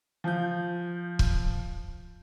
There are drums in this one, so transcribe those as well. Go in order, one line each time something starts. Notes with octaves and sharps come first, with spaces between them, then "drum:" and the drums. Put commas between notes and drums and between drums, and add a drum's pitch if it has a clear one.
F3 G6
drum: kick